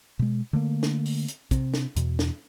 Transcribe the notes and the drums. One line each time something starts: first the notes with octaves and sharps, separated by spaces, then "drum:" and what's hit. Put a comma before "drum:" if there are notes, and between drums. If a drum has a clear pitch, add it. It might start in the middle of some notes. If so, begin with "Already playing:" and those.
B2 G#3
D3 A3 A#3
drum: snare
drum: open hi-hat
drum: hi-hat
C3, drum: kick, hi-hat
drum: snare
E2 B2, drum: hi-hat
drum: snare